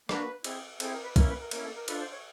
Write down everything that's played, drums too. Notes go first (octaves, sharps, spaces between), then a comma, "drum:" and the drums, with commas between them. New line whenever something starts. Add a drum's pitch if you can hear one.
A#3 D4 F#4 B4, drum: rim click
C4 E4 G#4, drum: cymbal
C4 E4 G#4 A4, drum: cymbal
A#4
B4
A#3 C#4 E4 A#4, drum: kick, cymbal
B4
A#4
A#3 C#4 E4 A#4, drum: cymbal
A4
A#4
D4 F4 A4 B4, drum: cymbal
C5
C#5